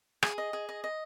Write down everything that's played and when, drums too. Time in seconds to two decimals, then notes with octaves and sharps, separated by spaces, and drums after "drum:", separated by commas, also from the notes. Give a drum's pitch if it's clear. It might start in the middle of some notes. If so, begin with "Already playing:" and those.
0.23 G#4 D#6, drum: rim click
0.38 D#5
0.53 G#4
0.69 D#5
0.84 D#5